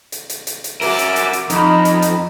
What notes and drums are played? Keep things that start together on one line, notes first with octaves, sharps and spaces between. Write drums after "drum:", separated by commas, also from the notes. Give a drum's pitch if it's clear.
drum: hi-hat
drum: hi-hat
drum: hi-hat
drum: hi-hat
F#4 A#4 E5 D6, drum: open hi-hat
drum: hi-hat
drum: hi-hat
drum: hi-hat
F2 D#4 B5, drum: hi-hat
drum: hi-hat
drum: hi-hat